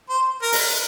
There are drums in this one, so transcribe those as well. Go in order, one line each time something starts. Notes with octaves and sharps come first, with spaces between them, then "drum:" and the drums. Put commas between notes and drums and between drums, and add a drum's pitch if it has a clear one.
C5
A#4
drum: open hi-hat